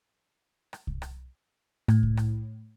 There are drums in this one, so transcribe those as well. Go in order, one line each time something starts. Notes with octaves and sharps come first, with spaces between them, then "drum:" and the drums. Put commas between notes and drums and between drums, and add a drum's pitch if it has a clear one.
drum: rim click
drum: kick C2
drum: rim click
A2, drum: rim click
drum: kick C2
drum: rim click